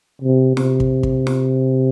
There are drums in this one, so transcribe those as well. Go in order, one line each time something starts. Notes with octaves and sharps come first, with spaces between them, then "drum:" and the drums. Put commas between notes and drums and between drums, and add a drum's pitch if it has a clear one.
C3
C3, drum: snare
drum: kick
drum: kick
drum: snare